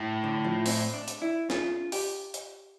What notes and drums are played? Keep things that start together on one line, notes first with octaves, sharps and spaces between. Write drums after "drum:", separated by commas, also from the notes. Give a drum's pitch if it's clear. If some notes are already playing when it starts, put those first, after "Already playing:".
Already playing: A2
D3
F3
C4, drum: open hi-hat
D4
drum: hi-hat
E4
F4, drum: snare C#4
G4, drum: open hi-hat
drum: hi-hat